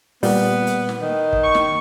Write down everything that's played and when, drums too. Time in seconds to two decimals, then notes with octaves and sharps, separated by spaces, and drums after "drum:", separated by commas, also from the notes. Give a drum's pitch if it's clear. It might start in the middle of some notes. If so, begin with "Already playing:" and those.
0.23 A#2 G3 B3, drum: open hi-hat
0.67 drum: hi-hat
0.89 drum: snare
1.01 D#3
1.33 drum: kick
1.43 C#6
1.55 drum: snare